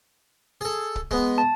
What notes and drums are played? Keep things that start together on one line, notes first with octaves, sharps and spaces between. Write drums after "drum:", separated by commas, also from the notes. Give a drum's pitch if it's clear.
G#4 A4
drum: kick
G#3 B3, drum: kick
A5